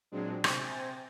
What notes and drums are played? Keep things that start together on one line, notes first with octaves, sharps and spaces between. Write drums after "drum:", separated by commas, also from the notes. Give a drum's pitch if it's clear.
A#2 F#3 G#3 C4 D4
C3 C5 G5 G#5 A6 A#6, drum: rim click